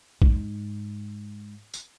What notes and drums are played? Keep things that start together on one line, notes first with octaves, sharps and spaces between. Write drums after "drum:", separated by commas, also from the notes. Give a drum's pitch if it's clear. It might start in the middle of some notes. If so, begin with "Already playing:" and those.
G#2 G#3, drum: kick
drum: tambourine